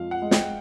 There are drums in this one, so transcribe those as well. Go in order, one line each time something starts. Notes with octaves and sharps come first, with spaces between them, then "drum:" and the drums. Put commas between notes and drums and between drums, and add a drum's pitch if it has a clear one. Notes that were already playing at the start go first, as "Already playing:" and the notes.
Already playing: F2 F3 G#3 F5
F#5
G#3
G5, drum: snare